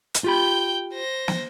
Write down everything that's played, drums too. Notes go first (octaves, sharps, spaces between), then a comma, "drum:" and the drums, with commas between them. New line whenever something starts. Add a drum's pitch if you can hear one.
drum: hi-hat
F4 G4 G5 B5 G6
C5 A#6
drum: snare